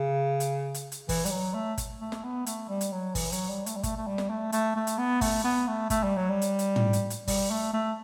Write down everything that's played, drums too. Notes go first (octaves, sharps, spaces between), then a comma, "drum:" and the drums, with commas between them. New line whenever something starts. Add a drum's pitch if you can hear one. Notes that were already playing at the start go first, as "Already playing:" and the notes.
Already playing: C#3
drum: hi-hat
drum: hi-hat
drum: hi-hat
E3, drum: kick, open hi-hat
G3, drum: hi-hat
F#3
A3
drum: kick, hi-hat
A3
drum: snare
B3
A3, drum: hi-hat
G3
drum: hi-hat
F#3
E3, drum: kick, open hi-hat
F#3, drum: hi-hat
G3
A3, drum: hi-hat
G3
A3, drum: kick, hi-hat
A3
G3
drum: snare
A3
A3, drum: hi-hat
A3
drum: hi-hat
B3
A3, drum: kick, open hi-hat
B3
A3
A3, drum: kick, hi-hat
G3
F#3
G3
drum: hi-hat
drum: hi-hat
drum: tom
drum: hi-hat
drum: hi-hat
G3, drum: kick, open hi-hat
A3
A3